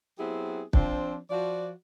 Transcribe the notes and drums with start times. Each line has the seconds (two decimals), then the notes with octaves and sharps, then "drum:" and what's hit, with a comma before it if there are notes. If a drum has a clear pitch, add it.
0.19 F#3 B3 C4 E4 G4 G#4
0.73 F3 C4 D4, drum: kick
1.30 F3 F#4 D5